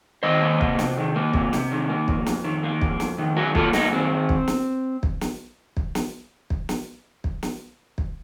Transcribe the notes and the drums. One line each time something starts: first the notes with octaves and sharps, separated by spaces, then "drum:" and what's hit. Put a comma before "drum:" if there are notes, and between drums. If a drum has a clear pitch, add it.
D#3 C5 D#5
A#3
C3, drum: kick
C3, drum: snare
D#3
A#3
C3, drum: kick
C3, drum: snare
D#3
A#3
F2, drum: kick
F2, drum: snare
D#3
A#3
F2, drum: kick
F2, drum: snare
D#3
F#3 F#4 A#4
A#3 F4 A4, drum: kick
F#2 D#4 F#4, drum: snare
D#3 C4
drum: kick
drum: snare
drum: kick
drum: snare
drum: kick
drum: snare
drum: kick
drum: snare
drum: kick
drum: snare
drum: kick